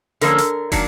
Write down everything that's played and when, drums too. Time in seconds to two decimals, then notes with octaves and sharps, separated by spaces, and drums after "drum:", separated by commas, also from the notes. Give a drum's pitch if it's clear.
0.21 D3 F3 A#3 C#4 A#4, drum: hi-hat
0.38 drum: hi-hat
0.72 D#3 F#3 A#3 D4, drum: kick, open hi-hat